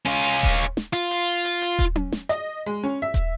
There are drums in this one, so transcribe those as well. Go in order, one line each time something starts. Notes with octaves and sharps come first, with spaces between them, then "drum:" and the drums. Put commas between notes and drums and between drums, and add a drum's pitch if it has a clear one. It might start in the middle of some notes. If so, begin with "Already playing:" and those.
C#4 F4
drum: hi-hat
drum: kick D#1, hi-hat
drum: snare
F4, drum: hi-hat
drum: hi-hat
drum: hi-hat
drum: hi-hat
drum: kick D#1, hi-hat
drum: tom C#4
drum: snare
D#5, drum: hi-hat
G#3
C#4
E5
drum: kick D#1, hi-hat